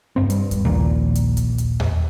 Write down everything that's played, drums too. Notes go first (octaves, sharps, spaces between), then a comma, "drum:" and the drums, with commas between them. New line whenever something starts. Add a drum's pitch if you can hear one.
F1 B1 G2 C4
G2, drum: hi-hat
drum: kick D#2, hi-hat
A#1 D#2 A#2
drum: hi-hat
drum: kick D#2, hi-hat
drum: hi-hat
drum: tom E2